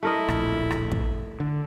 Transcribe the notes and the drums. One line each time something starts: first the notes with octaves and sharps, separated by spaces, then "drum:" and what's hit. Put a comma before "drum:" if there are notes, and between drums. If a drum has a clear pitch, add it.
A3 E4 A#4 D#5
D1 A#1, drum: rim click
drum: rim click
drum: kick
D3